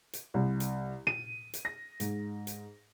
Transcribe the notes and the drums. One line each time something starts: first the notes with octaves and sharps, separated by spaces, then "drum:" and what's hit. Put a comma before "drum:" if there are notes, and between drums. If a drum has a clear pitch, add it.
drum: hi-hat
C2
drum: hi-hat
D#7, drum: tom A#2
drum: hi-hat
A#6
G#2, drum: hi-hat
drum: hi-hat